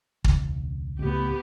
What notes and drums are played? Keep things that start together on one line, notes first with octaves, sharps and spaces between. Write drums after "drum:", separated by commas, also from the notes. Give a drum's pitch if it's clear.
E1 C#2, drum: kick
C#2 A2 B3 G4